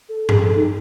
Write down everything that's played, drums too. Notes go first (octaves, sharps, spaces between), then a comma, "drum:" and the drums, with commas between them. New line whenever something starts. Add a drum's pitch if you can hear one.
A4
G#4, drum: tom G2
A4
D#4